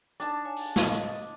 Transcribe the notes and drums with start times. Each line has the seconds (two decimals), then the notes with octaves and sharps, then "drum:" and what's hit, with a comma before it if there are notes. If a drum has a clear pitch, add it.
0.20 D4 D#4 A5, drum: hi-hat
0.45 C#5 F5 G#5
0.56 drum: open hi-hat
0.76 D#5 D#6, drum: snare
0.93 drum: hi-hat